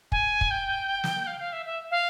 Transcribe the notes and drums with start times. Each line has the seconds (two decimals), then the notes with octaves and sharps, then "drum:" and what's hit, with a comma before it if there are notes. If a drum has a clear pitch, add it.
0.12 G#5, drum: kick
0.41 drum: kick
0.51 G5
1.04 drum: snare
1.27 F5
1.39 F5
1.53 E5
1.66 E5
1.91 F5